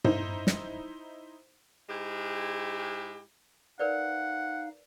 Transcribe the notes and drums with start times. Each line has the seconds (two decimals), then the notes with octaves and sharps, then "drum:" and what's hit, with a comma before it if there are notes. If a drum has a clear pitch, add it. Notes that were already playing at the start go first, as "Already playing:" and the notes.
0.04 D#4 E4 C5, drum: tom G2
0.47 drum: snare
1.89 G#2 G#3 E4 G4
3.79 D#4 A#4 B4 D5 F5 F#5